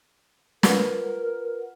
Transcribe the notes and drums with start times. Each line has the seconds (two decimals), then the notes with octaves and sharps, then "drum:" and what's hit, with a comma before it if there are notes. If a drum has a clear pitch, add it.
0.63 F4 A#4 B4 F#5, drum: snare